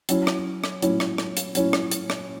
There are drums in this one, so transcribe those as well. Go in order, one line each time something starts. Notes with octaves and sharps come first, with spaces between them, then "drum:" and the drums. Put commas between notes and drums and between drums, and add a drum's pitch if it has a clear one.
F#3 C#4 E4, drum: hi-hat
drum: rim click
drum: rim click
F#3 C#4 E4, drum: hi-hat
drum: rim click
drum: rim click
drum: hi-hat
F#3 C#4 E4, drum: hi-hat
drum: rim click
drum: hi-hat
drum: rim click